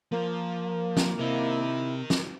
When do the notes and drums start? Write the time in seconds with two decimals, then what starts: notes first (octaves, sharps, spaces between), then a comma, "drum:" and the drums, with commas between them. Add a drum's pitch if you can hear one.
0.12 F3 A#3
0.97 drum: snare
1.19 C3 E4 A#4 D#5
2.10 drum: snare